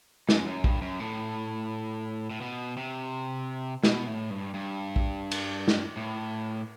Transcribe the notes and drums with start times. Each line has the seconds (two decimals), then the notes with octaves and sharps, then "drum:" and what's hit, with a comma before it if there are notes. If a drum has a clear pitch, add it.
0.29 F#2, drum: snare
0.46 F#2
0.64 G2, drum: kick
0.81 F#2
1.00 A2
2.30 A2
2.41 B2
2.77 C3
3.83 B2, drum: snare
4.07 A2
4.30 G2
4.54 G2
4.96 drum: kick
5.31 drum: cymbal
5.68 drum: snare
5.97 A2